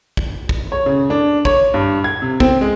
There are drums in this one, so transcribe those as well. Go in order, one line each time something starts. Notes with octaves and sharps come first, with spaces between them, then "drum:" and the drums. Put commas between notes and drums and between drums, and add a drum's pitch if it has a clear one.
drum: kick
drum: kick
C#5
C#3
D4
C#5, drum: kick
G2
G#6
C3
C4, drum: kick
G#3